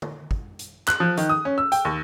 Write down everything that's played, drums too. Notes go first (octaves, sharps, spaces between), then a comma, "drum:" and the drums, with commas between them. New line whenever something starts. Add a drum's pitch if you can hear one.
drum: tom D3
drum: kick
drum: hi-hat
F#6, drum: clap
F3
D#3, drum: hi-hat
D#6
C#4
E6
G5, drum: hi-hat
D#2